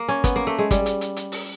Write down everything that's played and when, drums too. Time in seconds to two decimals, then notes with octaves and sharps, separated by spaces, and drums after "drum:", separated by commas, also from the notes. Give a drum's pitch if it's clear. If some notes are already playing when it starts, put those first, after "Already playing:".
Already playing: A#3
0.09 C#4
0.24 B3, drum: kick, hi-hat
0.36 A#3
0.47 A3
0.58 G#3
0.71 G3, drum: kick, hi-hat
0.86 drum: hi-hat
1.01 drum: hi-hat
1.16 drum: hi-hat
1.32 drum: open hi-hat